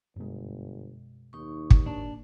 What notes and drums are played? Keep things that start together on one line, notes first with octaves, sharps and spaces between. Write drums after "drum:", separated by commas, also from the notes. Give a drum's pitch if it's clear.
G1 F#2 B2 G#3
D#2 D#4 C#6
drum: kick
A#3 D4